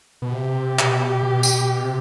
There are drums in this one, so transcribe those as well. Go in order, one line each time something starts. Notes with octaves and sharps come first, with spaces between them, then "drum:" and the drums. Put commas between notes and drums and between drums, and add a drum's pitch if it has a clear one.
B2
C3 G4
B2, drum: clap
B2
drum: tambourine
B2
C3